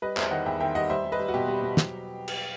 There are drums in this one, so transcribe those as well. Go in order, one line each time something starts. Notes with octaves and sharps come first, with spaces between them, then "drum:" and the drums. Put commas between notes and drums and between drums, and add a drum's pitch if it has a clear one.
G3 B4 D#5
E2 C5 E5, drum: clap
D#3 D#5 F#5
E2 E5 G5
D#3 E5 G5
G3 D#5 F#5
G3 C5 E5
G3
B4 D#5
G3
F#4
B2 G4
G3
B2
F#3, drum: snare
drum: cymbal